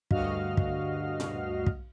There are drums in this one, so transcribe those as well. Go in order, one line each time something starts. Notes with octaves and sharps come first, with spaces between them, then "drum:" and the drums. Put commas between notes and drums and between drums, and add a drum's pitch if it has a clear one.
D2 G2 F#4 D#5 F5 F6, drum: kick
drum: kick
drum: tom A#2
drum: kick